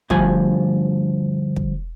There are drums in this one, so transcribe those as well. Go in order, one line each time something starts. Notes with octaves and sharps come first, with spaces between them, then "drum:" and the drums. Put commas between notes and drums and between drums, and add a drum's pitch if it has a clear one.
D2 G2 F3 G#5, drum: kick
drum: kick